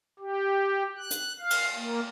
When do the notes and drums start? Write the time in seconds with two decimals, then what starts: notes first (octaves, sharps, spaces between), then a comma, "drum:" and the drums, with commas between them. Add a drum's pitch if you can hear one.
0.20 G4
0.98 F#6
1.11 drum: hi-hat
1.39 F5
1.50 drum: cymbal
1.75 A#3